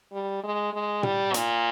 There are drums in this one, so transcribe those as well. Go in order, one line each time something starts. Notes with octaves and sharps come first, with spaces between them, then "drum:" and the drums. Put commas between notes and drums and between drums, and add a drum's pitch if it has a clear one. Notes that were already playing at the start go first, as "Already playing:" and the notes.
G3
G#3
G#3
G3, drum: tom
A#2, drum: hi-hat